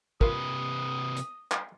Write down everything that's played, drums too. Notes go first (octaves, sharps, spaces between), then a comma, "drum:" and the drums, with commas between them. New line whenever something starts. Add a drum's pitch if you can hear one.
C3 F4 A#4 B4 D#6, drum: kick
drum: hi-hat
drum: clap